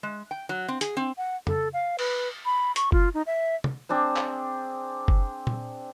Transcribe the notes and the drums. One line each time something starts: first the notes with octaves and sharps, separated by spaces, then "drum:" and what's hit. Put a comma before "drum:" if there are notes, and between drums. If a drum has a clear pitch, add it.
G#3
G5
F#3
C4
G#4, drum: hi-hat
C4
F#5
A4, drum: tom
F5
B4, drum: cymbal
B5
C#6, drum: hi-hat
F4, drum: kick F#1
D#4
E5
drum: tom
C4 D4 G#4 C5
drum: clap
drum: kick F#1
drum: tom A#2